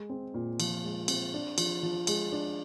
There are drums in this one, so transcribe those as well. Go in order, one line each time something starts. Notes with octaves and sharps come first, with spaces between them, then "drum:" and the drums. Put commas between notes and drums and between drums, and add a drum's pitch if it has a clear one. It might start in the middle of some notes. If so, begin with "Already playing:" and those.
Already playing: G#3
C4
A#2
F3, drum: cymbal
G#3
C4, drum: cymbal
D4
F3, drum: cymbal
F3
G#3, drum: cymbal
D4